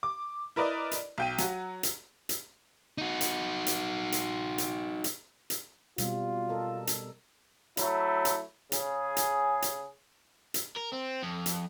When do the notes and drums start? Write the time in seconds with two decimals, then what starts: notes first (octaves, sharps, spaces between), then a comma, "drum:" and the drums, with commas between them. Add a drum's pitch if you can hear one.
0.03 D6
0.56 E4 A#4 B4 D5 D#5
0.91 drum: hi-hat
1.18 B1 G5 D#7
1.38 F#3 F#4, drum: hi-hat
1.83 drum: hi-hat
2.29 drum: hi-hat
2.98 D#4 F#4
3.21 drum: hi-hat
3.67 drum: hi-hat
4.12 drum: hi-hat
4.58 drum: hi-hat
5.04 drum: hi-hat
5.50 drum: hi-hat
5.98 B2 G3 C4 F4, drum: hi-hat
6.49 A4 A#4 D#5
6.87 drum: hi-hat
7.77 F#3 A3 E4, drum: hi-hat
8.25 drum: hi-hat
8.72 C#3 G#4, drum: hi-hat
9.17 drum: hi-hat
9.62 drum: hi-hat
10.54 drum: hi-hat
10.77 A#4
10.93 C4
11.23 F2
11.46 drum: hi-hat